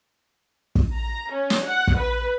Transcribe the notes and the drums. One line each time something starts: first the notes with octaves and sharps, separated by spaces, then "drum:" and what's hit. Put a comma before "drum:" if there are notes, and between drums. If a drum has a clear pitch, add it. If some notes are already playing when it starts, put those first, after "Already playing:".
drum: kick
A#5
C#4
drum: snare
F#5
drum: kick
B4